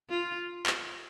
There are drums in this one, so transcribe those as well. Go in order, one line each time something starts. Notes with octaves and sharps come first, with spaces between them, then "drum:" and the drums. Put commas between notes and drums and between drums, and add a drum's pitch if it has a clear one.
F4
drum: clap